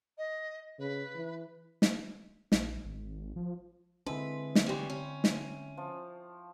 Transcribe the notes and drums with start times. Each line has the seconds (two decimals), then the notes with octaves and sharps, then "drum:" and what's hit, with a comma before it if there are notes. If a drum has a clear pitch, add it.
0.17 D#5
0.79 C#3 B4
1.15 E3
1.82 drum: snare
2.52 A#1, drum: snare
2.85 G#1
3.36 F3
4.06 D3 G#3 C4 D4 E4 B4
4.55 drum: snare
4.66 E3 G3 C#5 G5 C6
4.90 C#4
5.24 drum: snare
5.77 F3